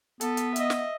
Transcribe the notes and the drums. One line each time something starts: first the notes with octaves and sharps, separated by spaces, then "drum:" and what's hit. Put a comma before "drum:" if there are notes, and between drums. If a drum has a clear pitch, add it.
B3 A4, drum: hi-hat
drum: hi-hat
D#5 E5, drum: hi-hat
drum: snare